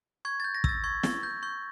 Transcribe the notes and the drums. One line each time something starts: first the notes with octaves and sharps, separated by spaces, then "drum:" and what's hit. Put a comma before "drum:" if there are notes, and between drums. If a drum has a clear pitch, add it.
C#6 G#6
G6 A6
A#6
E6 A6, drum: kick
C#6 G#6
C#6, drum: snare
G6
C#6 G6